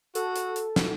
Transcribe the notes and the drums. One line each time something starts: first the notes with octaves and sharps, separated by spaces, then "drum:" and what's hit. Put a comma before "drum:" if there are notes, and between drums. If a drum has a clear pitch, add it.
F#4 A4, drum: hi-hat
drum: hi-hat
drum: hi-hat
drum: snare